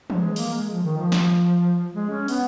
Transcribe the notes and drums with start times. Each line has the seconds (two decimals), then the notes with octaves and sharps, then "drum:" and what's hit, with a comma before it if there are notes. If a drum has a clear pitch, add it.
0.10 G#3, drum: tom E3
0.36 A#3, drum: open hi-hat
0.54 G#3
0.70 F3
0.83 D#3
0.97 F3
1.12 drum: snare
1.94 G#3
2.10 C#4
2.28 B3, drum: open hi-hat